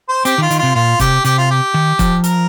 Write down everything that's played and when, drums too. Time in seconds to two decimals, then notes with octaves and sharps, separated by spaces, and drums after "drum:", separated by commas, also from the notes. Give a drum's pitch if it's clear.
0.09 C5
0.25 C4 G4, drum: hi-hat
0.38 D#3
0.42 F4
0.51 D#3, drum: hi-hat
0.59 C3 F4
0.75 A#2 F4
0.99 C3 G4, drum: kick, hi-hat
1.25 C3 G4, drum: hi-hat
1.38 F4
1.51 G4
1.74 D#3
1.99 F3, drum: kick, hi-hat
2.24 A#4, drum: hi-hat